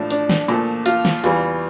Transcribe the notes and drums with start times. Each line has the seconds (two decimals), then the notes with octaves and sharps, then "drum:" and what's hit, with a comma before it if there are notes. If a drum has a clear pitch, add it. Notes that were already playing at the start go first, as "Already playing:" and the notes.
Already playing: A2 F3 A3 D4
0.10 D4, drum: hi-hat
0.30 drum: snare
0.48 A#2 F3 A3, drum: hi-hat
0.86 F4, drum: hi-hat
1.05 drum: snare
1.24 E2 E3 G3 F4, drum: hi-hat